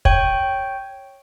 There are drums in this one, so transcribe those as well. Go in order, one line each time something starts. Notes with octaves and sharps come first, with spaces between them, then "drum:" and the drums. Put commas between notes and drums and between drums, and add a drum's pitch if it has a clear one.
C#5 G5, drum: kick